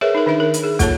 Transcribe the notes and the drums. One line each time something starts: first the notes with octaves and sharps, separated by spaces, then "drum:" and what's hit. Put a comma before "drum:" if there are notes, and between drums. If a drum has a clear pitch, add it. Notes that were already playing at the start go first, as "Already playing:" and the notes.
G#4 A#4 B4 C#5 E5
D#4 G#4 A#4
D#3 D4 B4 E5
A#4
drum: hi-hat
G#4
A#3 F4 A4 C#5 A5, drum: kick, hi-hat